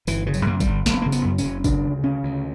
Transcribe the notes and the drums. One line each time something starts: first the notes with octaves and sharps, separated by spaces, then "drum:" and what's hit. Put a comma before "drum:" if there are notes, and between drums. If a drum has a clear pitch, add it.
G1 E3, drum: tambourine
C#3 E3
F#3, drum: tambourine
F#2 A#3
G3, drum: kick, tambourine
G1
F#1 A#3, drum: snare
B3
A#3
C#3
B3, drum: tambourine
F#2
C#4, drum: tambourine
F#1
C#3 D4, drum: kick, tambourine
D2
C#3 C#4
D2